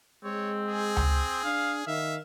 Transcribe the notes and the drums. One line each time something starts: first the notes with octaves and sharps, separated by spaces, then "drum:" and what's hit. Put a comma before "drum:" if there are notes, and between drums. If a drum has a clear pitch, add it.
G#3 C4 C#5
G#4
drum: tom C#2
D4 F5
D#3 E5 F5